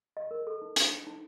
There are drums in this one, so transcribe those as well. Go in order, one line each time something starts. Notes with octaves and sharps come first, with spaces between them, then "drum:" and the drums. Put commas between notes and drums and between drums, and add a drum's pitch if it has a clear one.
D#5
A#4
A4
D#4
D4, drum: hi-hat
D#4
D#4